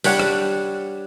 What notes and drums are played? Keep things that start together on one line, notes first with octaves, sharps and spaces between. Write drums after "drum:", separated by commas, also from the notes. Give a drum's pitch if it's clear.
G3 D4 C#5 F#5, drum: open hi-hat
drum: rim click